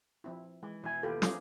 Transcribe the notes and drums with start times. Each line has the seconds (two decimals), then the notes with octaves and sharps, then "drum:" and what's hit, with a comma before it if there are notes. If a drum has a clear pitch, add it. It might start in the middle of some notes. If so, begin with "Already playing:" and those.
0.24 F3 C4 E4
0.63 E3 G#3
0.84 B2 E3 E4 G#5
1.03 D#2 B2 F4 G4 A4 B4
1.22 F3 A3 D4 D#4 F4 G#4, drum: snare